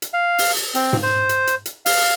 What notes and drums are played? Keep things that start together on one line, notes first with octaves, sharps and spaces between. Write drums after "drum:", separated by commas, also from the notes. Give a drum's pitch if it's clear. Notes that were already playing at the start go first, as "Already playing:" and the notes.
drum: hi-hat
F5
drum: open hi-hat
drum: hi-hat
C4, drum: hi-hat
drum: tom G#2
C5
drum: hi-hat
drum: hi-hat
drum: hi-hat
F5, drum: open hi-hat